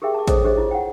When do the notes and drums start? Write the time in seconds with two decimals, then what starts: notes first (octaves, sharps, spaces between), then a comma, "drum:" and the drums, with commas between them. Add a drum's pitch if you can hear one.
0.02 G4 G#4 A#4 E5 G5
0.14 A5 D6
0.27 G#4 A4 C5 C#5 D#5, drum: kick, hi-hat
0.44 D4 G4 G#4 C5 C#5 D#5
0.57 E4 F4
0.71 F#5 G5